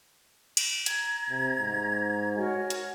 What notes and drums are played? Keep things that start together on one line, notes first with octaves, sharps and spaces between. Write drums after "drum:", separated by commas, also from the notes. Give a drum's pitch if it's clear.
drum: cymbal
A#5 G#6, drum: hi-hat
C3
G#2
F#4 A#4 C#5 G#5
drum: hi-hat